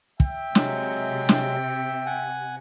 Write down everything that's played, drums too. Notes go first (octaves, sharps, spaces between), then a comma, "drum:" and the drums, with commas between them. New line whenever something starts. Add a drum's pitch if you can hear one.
E5 G5, drum: kick
C3 F#3 G#3, drum: snare
drum: snare
F#5 G#5